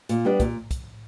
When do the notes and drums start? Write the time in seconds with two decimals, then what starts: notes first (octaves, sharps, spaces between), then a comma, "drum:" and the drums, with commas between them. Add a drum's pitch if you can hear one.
0.09 A#2, drum: hi-hat
0.25 G3 B3 D4
0.40 A#2, drum: kick, hi-hat
0.71 drum: kick, hi-hat